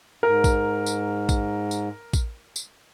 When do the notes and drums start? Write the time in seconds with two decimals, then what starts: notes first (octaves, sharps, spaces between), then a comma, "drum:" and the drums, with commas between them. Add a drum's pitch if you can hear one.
0.23 G#2 A#4
0.44 drum: kick A1, tambourine
0.86 drum: tambourine
1.29 drum: kick A1, tambourine
1.71 drum: tambourine
2.13 drum: kick A1, tambourine
2.56 drum: tambourine